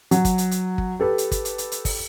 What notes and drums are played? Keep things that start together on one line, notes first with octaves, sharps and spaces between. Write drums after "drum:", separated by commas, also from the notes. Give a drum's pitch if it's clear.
F#3, drum: hi-hat
drum: kick, hi-hat
drum: hi-hat
drum: hi-hat
drum: kick
G4 A4 B4
drum: hi-hat
drum: kick, hi-hat
drum: hi-hat
drum: hi-hat
drum: hi-hat
drum: kick, open hi-hat